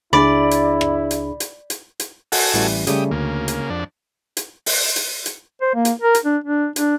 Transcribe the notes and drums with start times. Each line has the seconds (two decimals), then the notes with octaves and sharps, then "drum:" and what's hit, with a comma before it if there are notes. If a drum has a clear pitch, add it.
0.13 C#2 D4 E4 G#4 D5 B5
0.51 drum: hi-hat
0.81 drum: rim click
1.11 drum: hi-hat
1.40 drum: hi-hat
1.70 drum: hi-hat
2.00 drum: hi-hat
2.32 F#4 A4 F#5 G#5, drum: open hi-hat
2.54 A1 E3 G3
2.87 C#3 G3 A3 G4 D#6, drum: hi-hat
3.11 D2 C#3 A#3
3.48 drum: hi-hat
3.70 F2 D4
4.37 drum: hi-hat
4.66 drum: open hi-hat
4.96 drum: hi-hat
5.26 drum: hi-hat
5.62 C5
5.75 A#3
5.85 drum: hi-hat
6.02 A#4
6.15 drum: hi-hat
6.24 D4
6.44 D4
6.76 D4, drum: hi-hat